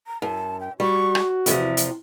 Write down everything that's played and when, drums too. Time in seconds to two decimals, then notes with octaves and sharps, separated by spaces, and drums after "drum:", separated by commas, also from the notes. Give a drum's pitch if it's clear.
0.07 A#5
0.22 F#2 A5
0.61 G5
0.80 G3 F#4 C#6
1.15 drum: rim click
1.46 E2 C3 F3 E5, drum: hi-hat
1.77 drum: hi-hat